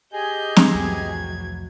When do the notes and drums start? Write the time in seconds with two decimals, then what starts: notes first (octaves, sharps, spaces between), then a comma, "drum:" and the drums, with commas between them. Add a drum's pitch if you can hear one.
0.13 G4 G#4 D#5 G#5 G6
0.56 drum: snare
0.75 C2 F2 A2 E3 F#3 G#6